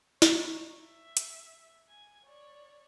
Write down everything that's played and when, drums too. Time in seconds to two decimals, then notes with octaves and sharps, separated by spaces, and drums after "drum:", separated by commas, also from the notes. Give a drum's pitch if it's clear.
0.22 C#5 A#5, drum: snare
0.84 E5
1.17 drum: hi-hat
1.89 G#5 G#6
2.26 C#5 D5